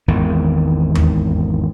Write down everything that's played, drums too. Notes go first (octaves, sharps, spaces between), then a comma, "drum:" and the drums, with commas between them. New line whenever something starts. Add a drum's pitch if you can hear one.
G#1 E2 G#2 D#3
drum: tom D#2